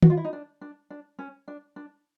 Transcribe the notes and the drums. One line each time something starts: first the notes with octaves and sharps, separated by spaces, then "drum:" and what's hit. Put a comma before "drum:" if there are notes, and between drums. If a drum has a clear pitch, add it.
F#4, drum: tom D#3
F4
E4
D#4
D4
D4
D4
C#4
D4
D4